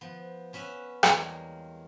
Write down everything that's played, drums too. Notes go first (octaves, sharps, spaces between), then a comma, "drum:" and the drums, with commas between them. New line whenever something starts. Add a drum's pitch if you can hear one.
F3 B3
B3 C#4 B4 E5
E2 G3 G#3 A#3 G#5, drum: rim click